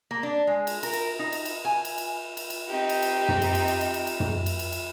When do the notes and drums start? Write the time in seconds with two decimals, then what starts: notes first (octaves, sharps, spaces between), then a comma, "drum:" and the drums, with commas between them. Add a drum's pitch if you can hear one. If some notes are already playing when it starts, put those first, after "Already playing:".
0.11 A#3
0.23 D4
0.47 G#3
0.67 drum: cymbal
0.83 A#4, drum: cymbal
0.93 drum: cymbal
1.19 D#4
1.32 drum: cymbal
1.45 drum: cymbal
1.65 G#5
1.85 drum: cymbal
1.98 drum: cymbal
2.37 drum: cymbal
2.50 drum: cymbal
2.69 C4 D#4 G4
2.89 drum: cymbal
3.02 drum: cymbal
3.29 drum: tom
3.42 drum: cymbal
3.55 drum: cymbal
3.68 drum: cymbal
3.81 drum: cymbal
3.94 drum: cymbal
4.07 drum: cymbal
4.20 drum: tom
4.46 drum: cymbal
4.59 drum: cymbal
4.72 drum: cymbal